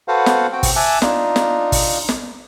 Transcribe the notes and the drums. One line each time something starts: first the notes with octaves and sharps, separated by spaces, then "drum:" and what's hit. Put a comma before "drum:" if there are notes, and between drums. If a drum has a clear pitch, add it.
F#4 A4 B4 C5 F5 F#5
drum: snare
C4 F#4 G5
drum: kick, open hi-hat
E5 G#5 A5 D6 E6 F#6
D4 D#4 F4, drum: snare
drum: snare
drum: kick, open hi-hat
drum: snare